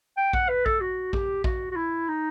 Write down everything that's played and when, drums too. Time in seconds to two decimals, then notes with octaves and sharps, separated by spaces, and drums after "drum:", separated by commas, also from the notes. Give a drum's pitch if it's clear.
0.17 G5
0.33 F#5, drum: kick A#1
0.49 B4
0.66 A4, drum: kick A#1
0.81 F#4
1.13 G4, drum: kick A#1
1.44 F#4, drum: kick A#1
1.71 F#4
1.76 E4
2.09 D#4